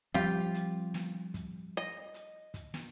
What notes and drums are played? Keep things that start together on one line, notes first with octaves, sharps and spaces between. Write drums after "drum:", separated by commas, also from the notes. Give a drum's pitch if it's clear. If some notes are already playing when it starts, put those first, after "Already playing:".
F3 G3 C4 F4 G4, drum: kick, hi-hat
drum: hi-hat
drum: snare
drum: kick, hi-hat
D#5
drum: hi-hat
drum: kick, hi-hat
drum: snare